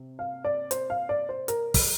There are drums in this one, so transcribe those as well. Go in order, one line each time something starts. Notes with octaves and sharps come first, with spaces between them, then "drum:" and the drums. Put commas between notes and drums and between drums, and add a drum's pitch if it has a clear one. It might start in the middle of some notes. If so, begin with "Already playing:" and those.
Already playing: C3
F5
D5
C5, drum: hi-hat
F5
D5
C5
A#4, drum: hi-hat
drum: kick, open hi-hat